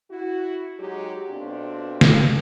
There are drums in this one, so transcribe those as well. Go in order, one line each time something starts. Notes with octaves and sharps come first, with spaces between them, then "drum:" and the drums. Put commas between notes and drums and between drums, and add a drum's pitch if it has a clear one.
E4 F#4
F#3 G#3 D#4 G4
B2 A3 C4 D4 F4
drum: snare